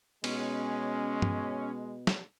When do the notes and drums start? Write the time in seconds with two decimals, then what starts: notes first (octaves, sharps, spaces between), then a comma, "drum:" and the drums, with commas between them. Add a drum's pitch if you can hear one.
0.24 B2 G#3 C#4, drum: cymbal
1.22 drum: tom G2
2.07 drum: snare